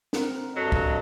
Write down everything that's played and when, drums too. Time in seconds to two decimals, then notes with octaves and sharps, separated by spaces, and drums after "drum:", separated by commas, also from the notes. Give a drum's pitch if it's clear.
0.13 C4 A#4 F#5, drum: snare
0.56 G2 F#3 A4 D#5
0.72 drum: kick C2